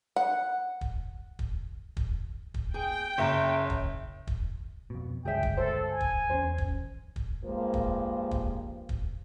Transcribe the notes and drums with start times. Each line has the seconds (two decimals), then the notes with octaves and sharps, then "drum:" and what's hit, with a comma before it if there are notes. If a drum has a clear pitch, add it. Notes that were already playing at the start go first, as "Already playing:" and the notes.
0.16 F#5
0.81 drum: kick
1.39 drum: kick
1.97 drum: kick
2.54 drum: kick
2.74 G#4 G5
3.18 F#1 C#5 E5 A#5
3.70 drum: kick
4.27 drum: kick
4.90 F2 B2
5.25 C#2 G2 D3 G#4 E5 G5
5.43 drum: kick
5.57 A4 C5
5.91 G#5
6.01 drum: kick
6.29 E2 C4 C#4 C5
6.58 drum: kick
7.16 drum: kick
7.45 G2 F3 G#3 A#3
7.74 drum: kick
8.31 drum: kick
8.89 drum: kick